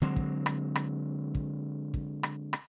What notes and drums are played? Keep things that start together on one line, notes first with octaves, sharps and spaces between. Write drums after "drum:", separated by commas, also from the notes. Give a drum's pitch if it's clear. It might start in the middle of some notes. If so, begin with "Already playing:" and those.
D3 F#3 G#3 C4
drum: kick
drum: rim click
drum: rim click
drum: kick
drum: kick
drum: rim click
drum: rim click